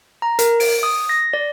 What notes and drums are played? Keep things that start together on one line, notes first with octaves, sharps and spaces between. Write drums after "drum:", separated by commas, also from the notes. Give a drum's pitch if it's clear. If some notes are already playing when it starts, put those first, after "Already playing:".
A#5
A#4, drum: hi-hat
D7, drum: open hi-hat
D#6
A#6
D5